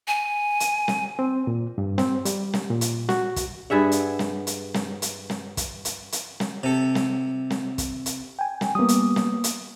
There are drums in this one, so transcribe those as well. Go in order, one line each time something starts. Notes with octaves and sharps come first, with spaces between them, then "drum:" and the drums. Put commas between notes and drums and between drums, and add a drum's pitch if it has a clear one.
G#5
drum: hi-hat
drum: snare
C4
A#2
G2
C4, drum: snare
G3, drum: hi-hat
drum: snare
A#2
drum: hi-hat
F#4, drum: snare
drum: kick, hi-hat
G2 G#4 E5 F#5
drum: hi-hat
drum: snare
drum: hi-hat
drum: snare
drum: hi-hat
drum: snare
drum: kick, hi-hat
drum: hi-hat
drum: hi-hat
drum: snare
C3 A4
drum: snare
drum: snare
drum: kick, hi-hat
drum: hi-hat
G5 G#5
drum: snare
G3 A#3 B3 D#6
drum: hi-hat
drum: snare
drum: hi-hat